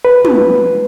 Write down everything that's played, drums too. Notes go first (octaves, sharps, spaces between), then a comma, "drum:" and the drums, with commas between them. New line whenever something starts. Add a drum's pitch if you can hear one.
B4
drum: tom